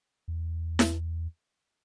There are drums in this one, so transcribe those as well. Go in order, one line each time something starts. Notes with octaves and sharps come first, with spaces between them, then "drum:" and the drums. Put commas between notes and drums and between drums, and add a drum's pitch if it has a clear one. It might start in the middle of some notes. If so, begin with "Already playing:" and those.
E2
drum: snare E4